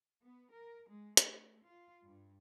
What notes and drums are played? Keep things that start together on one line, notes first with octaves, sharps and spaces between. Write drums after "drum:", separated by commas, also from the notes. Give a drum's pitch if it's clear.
B3
A#4
G#3
A3, drum: hi-hat
F4
G2